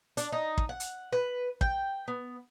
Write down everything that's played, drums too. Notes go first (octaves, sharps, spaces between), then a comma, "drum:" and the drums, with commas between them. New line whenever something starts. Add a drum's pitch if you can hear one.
D4, drum: hi-hat
D#4
drum: kick
F#5
drum: hi-hat
B4
G5, drum: kick
B3